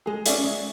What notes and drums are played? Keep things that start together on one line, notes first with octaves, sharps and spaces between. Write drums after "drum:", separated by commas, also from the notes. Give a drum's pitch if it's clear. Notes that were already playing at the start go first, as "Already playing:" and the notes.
G#3 G#4
C#4 G#4 D5 E5, drum: hi-hat
G#3 D5